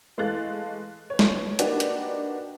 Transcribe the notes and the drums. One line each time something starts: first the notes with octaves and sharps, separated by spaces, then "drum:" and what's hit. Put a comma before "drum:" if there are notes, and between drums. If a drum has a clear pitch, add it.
E3 G#3 A3 F5 F#6 A6
B4 C#5
drum: snare
A#3 D4 D#4 F#4 G4 B4, drum: hi-hat
drum: hi-hat